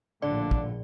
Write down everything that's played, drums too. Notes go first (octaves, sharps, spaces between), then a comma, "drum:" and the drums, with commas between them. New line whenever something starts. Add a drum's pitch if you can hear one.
A#1 A2 D3 D4 D5
drum: kick